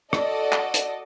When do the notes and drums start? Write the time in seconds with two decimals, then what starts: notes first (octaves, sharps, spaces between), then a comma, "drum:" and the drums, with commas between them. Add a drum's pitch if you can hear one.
0.13 F#4 A4 D5 D#5, drum: rim click
0.52 drum: clap
0.74 drum: hi-hat